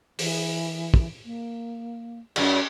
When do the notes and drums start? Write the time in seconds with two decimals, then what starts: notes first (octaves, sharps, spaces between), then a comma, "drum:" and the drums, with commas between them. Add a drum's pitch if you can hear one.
0.19 E3, drum: open hi-hat
0.94 drum: kick
1.25 A#3
2.36 F#2 G#3, drum: cymbal